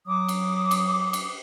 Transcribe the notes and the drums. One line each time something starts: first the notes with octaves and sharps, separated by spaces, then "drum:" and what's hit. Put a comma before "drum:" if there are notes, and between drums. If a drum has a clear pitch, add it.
F#3 D6 D#6
drum: cymbal
drum: cymbal
drum: cymbal